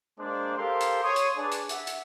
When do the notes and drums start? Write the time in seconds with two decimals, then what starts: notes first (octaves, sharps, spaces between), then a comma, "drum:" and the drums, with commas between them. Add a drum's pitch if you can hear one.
0.19 G#3 A#3 D4 C5 D5
0.58 G4 A4 A#4 C5 F5 C6
0.81 drum: hi-hat
1.03 C#5 C6 D#6
1.16 drum: hi-hat
1.37 D4 G#4 B4 D5
1.52 drum: hi-hat
1.69 E5 F#5, drum: hi-hat
1.87 drum: hi-hat